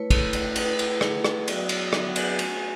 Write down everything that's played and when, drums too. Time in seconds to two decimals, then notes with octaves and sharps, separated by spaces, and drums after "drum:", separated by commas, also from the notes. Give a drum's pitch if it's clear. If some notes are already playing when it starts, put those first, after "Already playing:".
Already playing: A3 E4 B4 C#5
0.10 A3 E4 A4, drum: kick, cymbal
0.33 drum: cymbal
0.56 A3 E4 B4, drum: cymbal
0.73 A4
0.79 G#4, drum: cymbal
1.01 A3 E4, drum: rim click
1.24 drum: rim click
1.48 F#3 B3 F#4 D5, drum: cymbal
1.69 C#5, drum: cymbal
1.81 D5
1.93 F#3 B3 F#4 E5, drum: rim click
2.04 F#5
2.16 G#5, drum: cymbal
2.39 A3 C#4 F#4 G#5, drum: cymbal
2.54 G#5